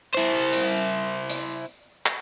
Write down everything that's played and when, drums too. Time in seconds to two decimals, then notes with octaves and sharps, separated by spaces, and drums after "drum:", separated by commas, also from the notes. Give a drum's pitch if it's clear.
0.15 E4 C5
0.53 drum: hi-hat
1.29 drum: hi-hat
2.06 drum: clap